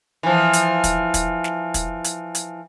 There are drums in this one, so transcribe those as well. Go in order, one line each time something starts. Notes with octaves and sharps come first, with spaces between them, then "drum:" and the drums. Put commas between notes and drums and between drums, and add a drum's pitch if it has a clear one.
E3 F3
drum: hi-hat
drum: kick, hi-hat
drum: kick, hi-hat
drum: snare
drum: kick, hi-hat
drum: hi-hat
drum: hi-hat